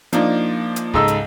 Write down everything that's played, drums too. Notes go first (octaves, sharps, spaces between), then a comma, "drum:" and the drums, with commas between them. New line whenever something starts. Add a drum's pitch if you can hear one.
F3 A#3 D4 D#4, drum: hi-hat
drum: hi-hat
C#2 G#2 A4 D#5 E6, drum: kick
drum: hi-hat